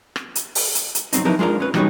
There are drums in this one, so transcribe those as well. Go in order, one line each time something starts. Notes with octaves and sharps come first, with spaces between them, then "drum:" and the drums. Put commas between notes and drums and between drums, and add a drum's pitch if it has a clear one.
drum: rim click
drum: hi-hat
drum: open hi-hat
drum: hi-hat
drum: hi-hat
F#3 G#3 C4 D#4, drum: hi-hat
F3 F#3 D#4 E4 A#4 B4
G#3 D4 F4 G4 A#4
C#4 B4
E3 G3 D#4 F#4 G#4 C#5, drum: rim click